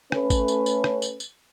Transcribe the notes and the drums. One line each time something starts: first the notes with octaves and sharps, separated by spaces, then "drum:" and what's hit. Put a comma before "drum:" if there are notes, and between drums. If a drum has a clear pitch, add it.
A3 C#4 B4, drum: rim click
drum: kick G#1, tambourine
drum: tambourine
drum: tambourine
drum: rim click
drum: tambourine
drum: tambourine